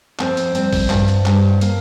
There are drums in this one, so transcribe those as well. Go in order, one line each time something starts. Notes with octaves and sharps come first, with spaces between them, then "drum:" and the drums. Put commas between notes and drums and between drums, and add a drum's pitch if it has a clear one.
F2 C4, drum: clap
drum: hi-hat
G3 C4, drum: hi-hat
drum: kick A1, open hi-hat
G2, drum: clap
drum: hi-hat
G2, drum: clap
A#3, drum: hi-hat